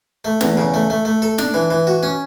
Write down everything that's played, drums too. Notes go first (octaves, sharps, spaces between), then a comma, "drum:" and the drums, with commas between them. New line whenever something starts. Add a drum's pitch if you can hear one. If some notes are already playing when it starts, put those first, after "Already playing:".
A3
E2, drum: snare
C#3
A3
A3
A3
A4
D4, drum: snare
E3
E3
F#4
C#4